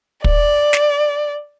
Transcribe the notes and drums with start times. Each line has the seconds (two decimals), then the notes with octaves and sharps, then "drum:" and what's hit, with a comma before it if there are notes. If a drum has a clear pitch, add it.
0.24 D5, drum: kick
0.73 drum: snare